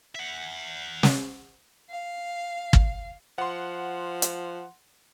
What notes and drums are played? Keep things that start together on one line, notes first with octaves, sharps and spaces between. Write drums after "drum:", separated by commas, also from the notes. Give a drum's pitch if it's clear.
E5 F#5
drum: snare
F5
drum: kick
F3 F#5 C6
drum: hi-hat